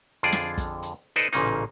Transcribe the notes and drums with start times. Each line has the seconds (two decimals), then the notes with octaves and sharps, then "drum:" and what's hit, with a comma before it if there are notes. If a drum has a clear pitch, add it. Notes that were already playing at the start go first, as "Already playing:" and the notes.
0.23 F2 D3 F4 G#4 D5
0.32 drum: snare
0.58 drum: kick, hi-hat
0.83 drum: hi-hat
1.16 D#4 A4 B4 C5 D5 D#5
1.33 A1 A#2 C#3 A#3 D#4, drum: hi-hat